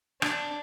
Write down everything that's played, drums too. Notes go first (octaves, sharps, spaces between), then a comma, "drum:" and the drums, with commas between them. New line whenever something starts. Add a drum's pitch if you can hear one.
D4, drum: rim click